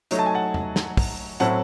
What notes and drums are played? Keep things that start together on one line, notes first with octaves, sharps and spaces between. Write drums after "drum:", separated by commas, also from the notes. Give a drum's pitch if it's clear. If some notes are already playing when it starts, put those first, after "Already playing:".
F#3 A3 D#4, drum: hi-hat
A5
G#5
F#5 A5
drum: tom E2
drum: snare
drum: kick, open hi-hat
A2 F#3 C4 E4 F#5 A5, drum: hi-hat